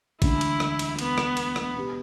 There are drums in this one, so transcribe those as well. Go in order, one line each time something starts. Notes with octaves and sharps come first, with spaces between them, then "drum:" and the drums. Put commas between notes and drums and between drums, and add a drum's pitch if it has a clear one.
E1 D2 D3 E4, drum: kick A1, cymbal
drum: cymbal
drum: rim click
drum: cymbal
B3, drum: cymbal
drum: rim click
drum: cymbal
drum: rim click
B2 B3 G4